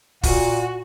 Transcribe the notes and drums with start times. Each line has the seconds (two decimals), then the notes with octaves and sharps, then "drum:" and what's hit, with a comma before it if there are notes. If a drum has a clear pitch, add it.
0.23 A#2 F#4, drum: kick, open hi-hat